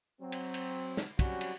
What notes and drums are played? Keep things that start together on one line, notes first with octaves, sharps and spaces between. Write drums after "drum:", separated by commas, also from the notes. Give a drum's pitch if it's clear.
F#3 C4
drum: cymbal
drum: cymbal
drum: snare
F#3 G3 C4 C#4 F#4, drum: kick, cymbal
drum: cymbal